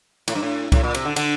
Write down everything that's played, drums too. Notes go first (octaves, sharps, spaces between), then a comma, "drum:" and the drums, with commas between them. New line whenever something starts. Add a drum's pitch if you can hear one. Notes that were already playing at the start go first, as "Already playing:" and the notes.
A2, drum: cymbal
G2
A2
A2, drum: kick C2, cymbal
A#2
C3, drum: cymbal
D3
D3, drum: cymbal